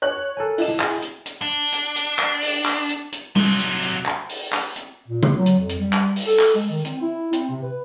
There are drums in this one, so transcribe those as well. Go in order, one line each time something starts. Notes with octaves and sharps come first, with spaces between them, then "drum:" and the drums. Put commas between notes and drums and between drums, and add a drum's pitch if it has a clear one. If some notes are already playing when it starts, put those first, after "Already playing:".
C#5 F#6 F#7
A4 A#4 G#5
E4 D#5 E7, drum: open hi-hat
G#4, drum: clap
drum: hi-hat
drum: hi-hat
D4
drum: hi-hat
drum: hi-hat
drum: clap
drum: open hi-hat
drum: clap
drum: hi-hat
drum: hi-hat
C3 F#3, drum: tom
drum: hi-hat
drum: hi-hat
drum: clap
drum: open hi-hat
drum: clap
drum: hi-hat
A#2
drum: tom
F#3
drum: hi-hat
F2
drum: hi-hat
G3
drum: clap
drum: open hi-hat
A4
drum: clap
G#3
D#3
C4, drum: hi-hat
E4
C4, drum: hi-hat
C3
B4